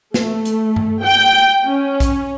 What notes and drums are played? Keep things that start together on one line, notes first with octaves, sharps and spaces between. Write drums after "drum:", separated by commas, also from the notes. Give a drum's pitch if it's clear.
A3, drum: snare
drum: hi-hat
drum: tom G2
G5
C#4
drum: kick A#1, hi-hat